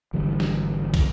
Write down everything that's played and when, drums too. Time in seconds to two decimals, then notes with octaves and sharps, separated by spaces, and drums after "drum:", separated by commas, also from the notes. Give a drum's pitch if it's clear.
0.13 G#1 D3 E3 G3
0.40 drum: snare
0.94 drum: kick, cymbal